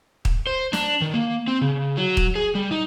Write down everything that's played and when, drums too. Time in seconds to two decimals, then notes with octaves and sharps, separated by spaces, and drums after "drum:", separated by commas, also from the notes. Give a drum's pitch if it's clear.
0.25 drum: kick
0.47 C5
0.73 D4, drum: snare
1.02 D#3
1.14 A#3
1.48 C4
1.62 C#3
1.97 F#3
2.17 drum: kick
2.35 G#4
2.55 G3
2.71 D#4